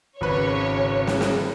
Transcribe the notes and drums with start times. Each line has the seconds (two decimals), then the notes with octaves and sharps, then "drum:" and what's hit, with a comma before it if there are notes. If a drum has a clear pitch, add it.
0.21 G#1 C#3 B4 C#5
1.07 drum: snare
1.21 drum: snare